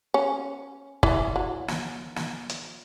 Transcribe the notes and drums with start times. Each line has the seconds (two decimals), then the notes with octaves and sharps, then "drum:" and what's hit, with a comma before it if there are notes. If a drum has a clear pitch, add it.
0.14 C#4
1.03 E3, drum: kick G1
1.36 F#3
1.68 drum: snare
2.16 drum: snare
2.49 drum: hi-hat